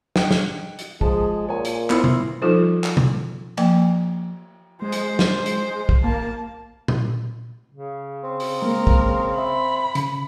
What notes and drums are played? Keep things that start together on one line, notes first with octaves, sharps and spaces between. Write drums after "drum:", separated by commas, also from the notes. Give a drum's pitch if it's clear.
D#5 F#5 G5, drum: snare
drum: snare
drum: hi-hat
F3 G#3 A5, drum: kick
A#2 C#5 G#5
drum: hi-hat
B3 E4 C5 C6 C#7, drum: clap
drum: tom B2
F3 G3 D#4 F4 A4 C5
drum: clap
drum: tom B2
F3 A#3 G5, drum: cymbal
G#3 C5
drum: hi-hat
drum: snare
drum: hi-hat
drum: kick
A#3 A5
drum: tom A#2
C#3
C4
drum: open hi-hat
G#3 A#3 A#4
drum: kick
E5 B5
C#3, drum: hi-hat